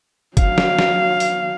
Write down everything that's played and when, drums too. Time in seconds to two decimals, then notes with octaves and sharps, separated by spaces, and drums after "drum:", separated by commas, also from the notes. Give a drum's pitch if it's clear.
0.37 F#3 F5, drum: kick, hi-hat
0.58 drum: snare
0.79 drum: snare
1.20 drum: open hi-hat